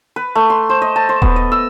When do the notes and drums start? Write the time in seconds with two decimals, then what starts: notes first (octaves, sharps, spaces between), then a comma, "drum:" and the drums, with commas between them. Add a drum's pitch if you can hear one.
0.16 B4
0.35 A3
0.50 C6
0.69 C5
0.82 D#5
0.96 A5
1.09 C5
1.22 B3, drum: kick D#1
1.36 D#5
1.52 E6